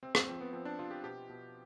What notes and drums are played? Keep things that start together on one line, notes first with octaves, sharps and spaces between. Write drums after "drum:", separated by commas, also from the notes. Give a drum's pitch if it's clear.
C3 C4
C4, drum: rim click
F3 C4
B3
F3 C4
D4
C3 F4
G4
B2 G4
B2